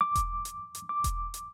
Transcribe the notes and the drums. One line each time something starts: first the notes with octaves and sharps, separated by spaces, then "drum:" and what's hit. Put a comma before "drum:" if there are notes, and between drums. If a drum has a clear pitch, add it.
D6
drum: kick E1, hi-hat
drum: hi-hat
drum: hi-hat
D6
drum: kick E1, hi-hat
drum: hi-hat